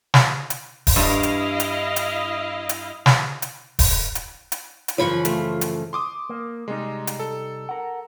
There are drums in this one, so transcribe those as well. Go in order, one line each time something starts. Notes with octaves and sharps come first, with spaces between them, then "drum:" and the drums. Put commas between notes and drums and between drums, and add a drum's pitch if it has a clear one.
drum: snare
drum: hi-hat
drum: kick D#1, open hi-hat
G2 E4 D#5 F5
drum: hi-hat
drum: hi-hat
drum: hi-hat
drum: hi-hat
drum: snare
drum: hi-hat
drum: kick D#1, open hi-hat
drum: hi-hat
drum: hi-hat
drum: hi-hat
F#2 C#3 E3 F3 F4 C#5 B5 C#6
A3, drum: hi-hat
drum: hi-hat
C6 D6 D#6
A#3
C3 G3 G#3 D#4
drum: hi-hat
A4
A#4 F#5